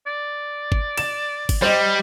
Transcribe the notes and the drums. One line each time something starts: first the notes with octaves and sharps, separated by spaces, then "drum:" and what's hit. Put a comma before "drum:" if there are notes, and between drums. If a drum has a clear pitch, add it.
D5
drum: kick G1
E7, drum: cymbal
drum: kick G1, cymbal
G3 C5 D#5